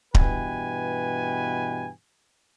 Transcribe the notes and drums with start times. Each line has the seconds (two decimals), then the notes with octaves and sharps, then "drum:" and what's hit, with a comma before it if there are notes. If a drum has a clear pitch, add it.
0.15 G2 B2 E3 B4 G5 G#5, drum: kick D1